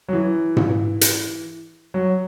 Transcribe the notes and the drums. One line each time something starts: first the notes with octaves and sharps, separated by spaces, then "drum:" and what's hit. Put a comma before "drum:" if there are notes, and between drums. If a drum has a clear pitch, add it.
F#3
E3
drum: tom G#2
drum: hi-hat
F#3